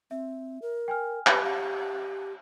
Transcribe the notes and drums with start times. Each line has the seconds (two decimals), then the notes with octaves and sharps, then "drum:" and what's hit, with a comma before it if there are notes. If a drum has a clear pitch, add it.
0.11 C4 E5
0.62 A#4
0.88 G5 G#5 F6
1.27 G4 B4 B5, drum: clap
1.44 G4 F5 F#5